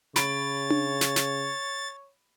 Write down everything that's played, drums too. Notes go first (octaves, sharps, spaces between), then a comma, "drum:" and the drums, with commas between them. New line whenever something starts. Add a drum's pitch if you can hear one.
C#3 C#5 B5 A6 D7, drum: snare
drum: tom D4
drum: snare
drum: snare